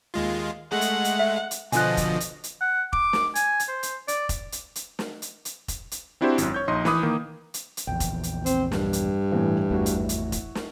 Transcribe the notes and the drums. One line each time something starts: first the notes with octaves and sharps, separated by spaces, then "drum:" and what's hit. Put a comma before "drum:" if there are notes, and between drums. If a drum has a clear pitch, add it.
D#2 G#3 F4
G#3 A3 F#5
drum: hi-hat
drum: hi-hat
E5
drum: hi-hat
B2 D3 F3 D#5 G#5 F#6, drum: hi-hat
drum: kick F1, hi-hat
drum: hi-hat
drum: hi-hat
F#5
D6, drum: kick F1
drum: snare
G#5, drum: hi-hat
drum: hi-hat
C5
drum: hi-hat
D5, drum: hi-hat
drum: kick F1, hi-hat
drum: hi-hat
drum: hi-hat
drum: snare
drum: hi-hat
drum: hi-hat
drum: kick F1, hi-hat
drum: hi-hat
C4 D4 E4 F#4 G4 C5
G#1 F#2, drum: hi-hat
C#5 G6
A#1 D#4 D#5 C6
E3 B4 B5 D6 D#6, drum: snare
D#3 A#3
drum: hi-hat
drum: hi-hat
A#1 E2 G5
drum: kick F1, hi-hat
drum: hi-hat
C4, drum: hi-hat
G2, drum: snare
drum: hi-hat
A2 E3
G#1 E2 A3 E4 F#4
drum: hi-hat
drum: hi-hat
drum: kick F1, hi-hat
drum: snare